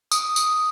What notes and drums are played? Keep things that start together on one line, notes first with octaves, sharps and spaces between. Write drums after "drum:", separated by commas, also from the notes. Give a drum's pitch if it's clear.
D#6, drum: tambourine
drum: tambourine